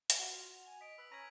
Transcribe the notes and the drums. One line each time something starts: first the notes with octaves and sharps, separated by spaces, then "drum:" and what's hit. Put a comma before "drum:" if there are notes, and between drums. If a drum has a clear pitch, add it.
drum: hi-hat
F4 F#4
F7
G#5
D#5 B6 D7
B4 E6 B6 F#7
C#4 A#5 G#6 B6 D#7